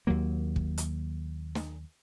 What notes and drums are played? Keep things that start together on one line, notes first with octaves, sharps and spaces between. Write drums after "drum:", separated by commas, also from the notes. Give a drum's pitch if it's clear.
D#2 F#3 A#3
drum: kick
drum: hi-hat
drum: snare